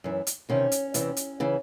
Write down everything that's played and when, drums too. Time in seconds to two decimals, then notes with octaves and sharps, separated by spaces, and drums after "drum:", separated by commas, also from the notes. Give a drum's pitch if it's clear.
0.04 F#2 E3
0.27 drum: hi-hat
0.49 E2 C3 D#3 C#4
0.72 drum: hi-hat
0.94 E2 C3 E3, drum: hi-hat
1.17 drum: hi-hat
1.40 C#3 E3